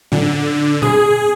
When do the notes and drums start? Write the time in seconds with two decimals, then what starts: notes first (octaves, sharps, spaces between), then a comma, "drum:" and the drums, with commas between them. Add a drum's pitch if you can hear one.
0.12 D3, drum: tom A2
0.82 G#4, drum: tom A#2